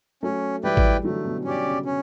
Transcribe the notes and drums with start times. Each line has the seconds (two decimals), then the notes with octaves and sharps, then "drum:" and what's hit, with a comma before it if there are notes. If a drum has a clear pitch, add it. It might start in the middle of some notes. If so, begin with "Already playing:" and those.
0.23 F#3 A3 C#4
0.63 E3 G3 E4 B4 D5 G5
0.77 drum: kick
1.04 D3 F#3 A3
1.25 B2
1.45 B2 C#4 G4 D5
1.66 C#3
1.86 C#4